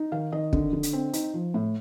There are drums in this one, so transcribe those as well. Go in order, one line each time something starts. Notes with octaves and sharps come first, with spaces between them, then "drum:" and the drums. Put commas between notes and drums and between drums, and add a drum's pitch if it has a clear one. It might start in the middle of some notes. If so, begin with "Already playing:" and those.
Already playing: D#4
D#3 F5
D#3 D#5
D3, drum: kick
D3
drum: hi-hat
C4
D#4, drum: hi-hat
F3
A2